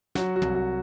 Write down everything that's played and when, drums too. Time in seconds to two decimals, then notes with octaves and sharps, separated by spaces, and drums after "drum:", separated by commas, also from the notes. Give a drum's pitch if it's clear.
0.15 F#3 F#4, drum: snare
0.36 F#4
0.42 C2, drum: tom
0.55 F#4